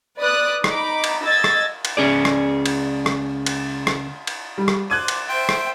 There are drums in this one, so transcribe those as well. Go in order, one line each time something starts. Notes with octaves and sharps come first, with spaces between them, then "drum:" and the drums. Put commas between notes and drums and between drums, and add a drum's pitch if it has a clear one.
B4 D5 D#6 F#6
D#4 B5 D6, drum: rim click
drum: cymbal
D#5 E6 G#6 A6
drum: rim click
drum: cymbal
C#2 C#4 G#4 D5
drum: rim click
drum: cymbal
drum: rim click
drum: cymbal
drum: rim click
drum: cymbal
G3
drum: rim click
C5 D5 F#6 G#6 D#7
drum: cymbal
C5 E5 G5 C6
drum: rim click